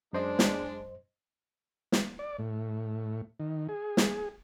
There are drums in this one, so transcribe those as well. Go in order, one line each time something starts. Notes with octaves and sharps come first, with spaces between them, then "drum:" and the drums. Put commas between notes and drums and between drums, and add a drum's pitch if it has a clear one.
F#2 G#3 D4 C5 D#5
drum: snare
drum: snare
D5
A2
D#3
G#4
drum: snare